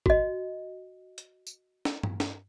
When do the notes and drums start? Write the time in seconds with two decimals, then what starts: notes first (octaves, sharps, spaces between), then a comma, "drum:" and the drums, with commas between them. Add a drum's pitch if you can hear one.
0.06 F#4 D#5, drum: kick
1.18 drum: hi-hat
1.47 drum: tambourine
1.85 drum: snare
2.03 drum: tom G2
2.20 drum: snare